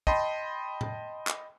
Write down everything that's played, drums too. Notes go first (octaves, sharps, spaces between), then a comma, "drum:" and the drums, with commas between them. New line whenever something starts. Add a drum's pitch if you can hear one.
D#5 G5 A5 B5 C6, drum: kick
drum: tom
drum: clap